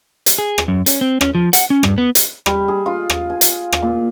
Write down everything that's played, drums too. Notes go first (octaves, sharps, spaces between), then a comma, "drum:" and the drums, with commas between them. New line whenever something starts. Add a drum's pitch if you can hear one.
drum: hi-hat
G#4
drum: rim click
F#2
C#4, drum: hi-hat
C4
C#4, drum: rim click
F3
F#5, drum: hi-hat
C#4
G2, drum: rim click
B3
drum: hi-hat
G3, drum: rim click
G#4
F4
drum: rim click
G#5
drum: hi-hat
drum: rim click
A#2